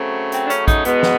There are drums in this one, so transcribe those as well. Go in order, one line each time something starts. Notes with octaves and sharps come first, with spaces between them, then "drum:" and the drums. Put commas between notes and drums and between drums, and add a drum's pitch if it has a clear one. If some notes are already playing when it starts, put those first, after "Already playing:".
Already playing: C#3 F#3 A3 C4
C4, drum: hi-hat
D4
C#4, drum: hi-hat
D#4, drum: kick, hi-hat
E2 B2 G#3 B3, drum: hi-hat
drum: snare